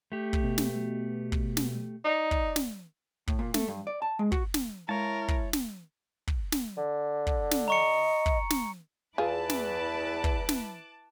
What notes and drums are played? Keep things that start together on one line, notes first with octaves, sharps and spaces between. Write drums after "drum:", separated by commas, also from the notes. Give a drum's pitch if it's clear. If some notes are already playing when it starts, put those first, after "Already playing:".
A3 G4
drum: kick
B2
drum: snare
drum: kick
drum: snare
D#4 D5
drum: kick
drum: snare
A2, drum: kick
A#2
A3, drum: snare
G2
D5
A5
G#3
F#4, drum: kick
drum: snare
G#3 E4 A#4 C#5 A5
drum: kick
drum: snare
drum: kick
drum: snare
D3
drum: kick
drum: snare
D#5 A#5 C#6 C#7
drum: kick
drum: snare
E2 E4 F4 G#4 B4 A5 D6 F#6
drum: snare
drum: kick
drum: snare